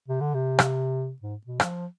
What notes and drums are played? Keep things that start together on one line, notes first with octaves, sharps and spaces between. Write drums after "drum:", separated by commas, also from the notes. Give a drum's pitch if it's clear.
C3
D3
C3
drum: rim click
G#2
B2
F3, drum: rim click